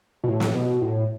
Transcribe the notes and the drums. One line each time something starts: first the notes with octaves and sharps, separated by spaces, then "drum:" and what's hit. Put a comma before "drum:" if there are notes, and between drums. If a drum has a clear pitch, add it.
B2
A2
drum: snare
B2
A2